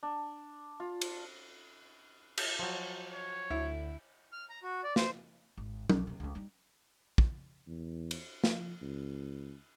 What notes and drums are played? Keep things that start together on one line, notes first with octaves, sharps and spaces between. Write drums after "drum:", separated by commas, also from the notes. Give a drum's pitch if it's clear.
D4
F4
drum: cymbal
drum: cymbal
F3 F#3
C#5
D2 E4
F6
A#5
F#4
D5
C5, drum: snare
G#1
B1 D#3, drum: tom F#3
D#2 C3
C#2 A3
G3 D#4
drum: kick
E2
drum: cymbal
F3, drum: snare
C#2